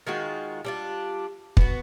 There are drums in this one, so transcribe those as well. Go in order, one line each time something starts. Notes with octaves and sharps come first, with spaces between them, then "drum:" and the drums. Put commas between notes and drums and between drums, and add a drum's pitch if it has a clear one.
D#3 G#3 F4 F#4
G3 D4 F4
B3 F#4, drum: kick